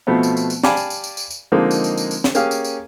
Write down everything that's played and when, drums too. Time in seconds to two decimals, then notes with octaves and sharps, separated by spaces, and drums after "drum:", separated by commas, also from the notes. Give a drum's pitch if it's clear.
0.07 B2 F3 A3 B3 C4
0.23 drum: tambourine
0.37 drum: tambourine
0.50 drum: tambourine
0.63 G4 D5 F5 G#5 A5 B5, drum: snare
0.77 drum: tambourine
0.90 drum: tambourine
1.04 drum: tambourine
1.17 drum: tambourine
1.30 drum: tambourine
1.52 D3 F3 G#3 A#3 C4 D#4
1.71 drum: tambourine
1.84 drum: tambourine
1.97 drum: tambourine
2.11 drum: tambourine
2.24 drum: snare
2.35 A#3 C#4 G4 G#4 F5, drum: tambourine
2.51 drum: tambourine
2.64 drum: tambourine